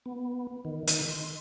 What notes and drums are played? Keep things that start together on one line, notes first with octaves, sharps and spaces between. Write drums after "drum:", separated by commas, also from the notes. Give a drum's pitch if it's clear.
B3
D#3
D#3, drum: hi-hat
C6